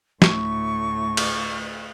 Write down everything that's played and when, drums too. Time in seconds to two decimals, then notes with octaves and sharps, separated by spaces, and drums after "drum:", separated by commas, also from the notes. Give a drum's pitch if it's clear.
0.22 D2 A2 C#6, drum: snare
1.17 drum: cymbal